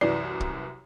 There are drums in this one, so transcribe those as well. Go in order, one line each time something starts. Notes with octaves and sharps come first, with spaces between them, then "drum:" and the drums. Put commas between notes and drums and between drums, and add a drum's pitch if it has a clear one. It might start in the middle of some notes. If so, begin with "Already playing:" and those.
C2 F#2 E3 D5 C7
drum: kick